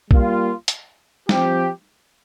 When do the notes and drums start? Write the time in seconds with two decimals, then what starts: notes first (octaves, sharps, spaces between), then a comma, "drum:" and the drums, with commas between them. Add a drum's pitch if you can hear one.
0.11 G3 A#3 F4, drum: kick B1
0.68 drum: hi-hat
1.29 F3 C4 G4, drum: snare